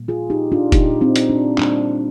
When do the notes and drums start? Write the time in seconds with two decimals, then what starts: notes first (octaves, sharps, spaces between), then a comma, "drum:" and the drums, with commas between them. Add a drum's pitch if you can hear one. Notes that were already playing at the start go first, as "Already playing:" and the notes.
Already playing: A#2 G3 A#3
0.08 F4 G#4
0.30 D#4 G4
0.52 D4 F4
0.72 A#2 G3 A#3 D#4 G4, drum: kick, hi-hat
1.01 C4 D#4
1.16 drum: hi-hat
1.30 D4
1.58 A#2 G3 A#3 D4, drum: clap